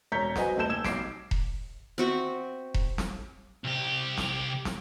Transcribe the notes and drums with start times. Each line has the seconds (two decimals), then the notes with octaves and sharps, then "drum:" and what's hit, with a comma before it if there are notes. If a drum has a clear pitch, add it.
0.12 E1 C#5 A#5 G6 B6
0.36 F#4 B4 C5 D#5 G#5, drum: snare
0.57 D#1 A3 A5 G6 E7
0.69 D#1 E6 G#6 E7
0.84 B1 D6 C7 D7, drum: snare
1.31 drum: kick E1
1.98 C4 F#4 E5
2.74 drum: kick E1
2.98 drum: snare
3.65 C2 G4
4.18 drum: snare
4.65 drum: snare